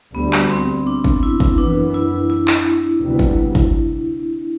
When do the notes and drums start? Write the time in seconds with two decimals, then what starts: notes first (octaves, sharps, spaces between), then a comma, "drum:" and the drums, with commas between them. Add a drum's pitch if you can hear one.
0.15 D2 D3 G3 B3
0.33 drum: clap
0.50 C4
0.87 D4
1.04 drum: kick
1.23 E4
1.40 drum: kick
1.57 F#2 E3 B3 D4
1.94 E4
2.30 E4
2.48 drum: clap
3.01 D2 C3 G3 B3
3.19 drum: kick
3.55 drum: kick